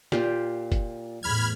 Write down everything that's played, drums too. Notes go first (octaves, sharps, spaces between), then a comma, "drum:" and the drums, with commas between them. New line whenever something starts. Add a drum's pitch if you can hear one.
A#2 F4 G4, drum: snare
drum: kick, hi-hat
E2 A2 B5 F6 G#6